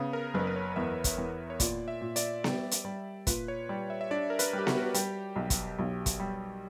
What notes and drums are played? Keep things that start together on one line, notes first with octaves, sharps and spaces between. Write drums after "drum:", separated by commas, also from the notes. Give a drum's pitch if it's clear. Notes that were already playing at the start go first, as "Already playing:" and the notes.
Already playing: C#3 B3
A#4
F#1 B4
B4
C#5
E2 E5
drum: kick, hi-hat
E2
C#5
A#2 D5, drum: kick, hi-hat
E5
A#2
D5, drum: hi-hat
G3, drum: snare B3
drum: hi-hat
G3 D5
A#2 B4, drum: kick, hi-hat
C#5
G3 D5
E5
E5
D4 D5
A#4
B4, drum: hi-hat
G3
G4
F#4, drum: snare B3
F#4
G3 G4, drum: hi-hat
B1
drum: kick, hi-hat
B1
drum: kick, hi-hat
G3